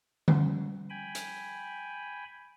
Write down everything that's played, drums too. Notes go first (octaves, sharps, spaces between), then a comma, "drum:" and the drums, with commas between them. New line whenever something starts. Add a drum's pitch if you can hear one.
F3 G3 C#4, drum: tom D3
G5 G#5 B5
drum: hi-hat